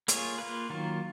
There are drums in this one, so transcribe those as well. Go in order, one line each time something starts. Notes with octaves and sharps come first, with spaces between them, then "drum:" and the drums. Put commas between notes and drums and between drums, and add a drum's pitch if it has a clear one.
A#3 F4 G#4 C#5, drum: hi-hat
A#3 F4 B4
D#3 F#3 A#3 F4